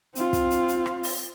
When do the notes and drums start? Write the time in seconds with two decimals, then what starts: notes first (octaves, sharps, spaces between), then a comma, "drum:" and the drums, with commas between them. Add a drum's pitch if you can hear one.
0.15 C4 F4, drum: hi-hat
0.33 drum: kick, hi-hat
0.50 drum: hi-hat
0.68 drum: hi-hat
0.86 drum: rim click
1.03 drum: open hi-hat